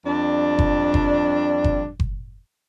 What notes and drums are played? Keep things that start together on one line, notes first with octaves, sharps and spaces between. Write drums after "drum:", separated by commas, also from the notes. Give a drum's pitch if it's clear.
F2 G3 D4
drum: kick F#1
drum: kick F#1
drum: kick F#1
drum: kick F#1